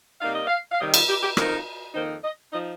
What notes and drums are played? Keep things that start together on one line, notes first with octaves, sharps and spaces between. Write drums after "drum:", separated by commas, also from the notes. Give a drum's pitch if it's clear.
C3 G3 A#3 D#4 F5
D#5
F5
F5
C3 D#3 G3 D#5
F4, drum: cymbal
G4
G4
F2 F3 C4 D#4 A#4, drum: rim click
F2 D#3 A#3 D#4 C5
D#5
F3 D#4 D#5